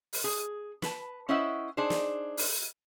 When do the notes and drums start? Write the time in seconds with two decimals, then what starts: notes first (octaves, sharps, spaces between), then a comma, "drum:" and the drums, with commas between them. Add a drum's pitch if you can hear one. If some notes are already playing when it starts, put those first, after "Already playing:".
0.13 drum: open hi-hat
0.24 G#4
0.82 B4 A5, drum: snare
1.29 C#4 E4 C5 D#5 E5 F#5
1.77 D4 D#4 G#4 C5
1.90 drum: snare
2.37 drum: open hi-hat